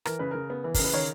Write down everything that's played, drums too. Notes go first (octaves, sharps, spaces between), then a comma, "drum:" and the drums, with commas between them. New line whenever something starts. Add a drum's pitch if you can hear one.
E3 A#4, drum: rim click
C#3 B4
C#3 A#4
B3
E3
C#3 A#4, drum: kick, open hi-hat
B4
D#3 A#4 C#5